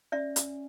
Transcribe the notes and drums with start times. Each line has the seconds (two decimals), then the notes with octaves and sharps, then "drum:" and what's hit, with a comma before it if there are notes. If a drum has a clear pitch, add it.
0.12 C#4 D5 E5
0.36 drum: hi-hat